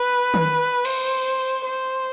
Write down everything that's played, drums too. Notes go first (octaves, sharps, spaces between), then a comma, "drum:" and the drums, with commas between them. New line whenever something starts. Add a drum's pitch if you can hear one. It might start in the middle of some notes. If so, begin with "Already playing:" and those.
Already playing: B4
drum: tom D#3
C5, drum: cymbal
C5